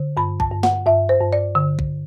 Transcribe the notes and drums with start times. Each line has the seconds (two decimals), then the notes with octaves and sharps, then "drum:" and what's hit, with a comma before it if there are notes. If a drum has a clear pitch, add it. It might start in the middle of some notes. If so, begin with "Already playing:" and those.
Already playing: D3
0.17 G2 B5
0.40 A5, drum: kick
0.51 G2
0.63 F#5, drum: snare
0.86 G2 E5
1.09 C5
1.21 G2
1.33 D5
1.55 D3
1.79 drum: kick